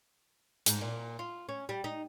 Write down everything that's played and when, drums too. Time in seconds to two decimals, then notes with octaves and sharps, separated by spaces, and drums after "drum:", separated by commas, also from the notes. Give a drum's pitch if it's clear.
0.66 G#2, drum: hi-hat
0.81 A#2
1.19 F4
1.49 C#4
1.69 G3
1.84 D#4